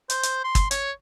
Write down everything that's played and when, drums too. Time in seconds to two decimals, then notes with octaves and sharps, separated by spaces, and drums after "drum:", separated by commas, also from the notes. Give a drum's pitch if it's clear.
0.10 C5, drum: hi-hat
0.23 drum: hi-hat
0.44 C6
0.55 drum: kick, hi-hat
0.71 C#5, drum: hi-hat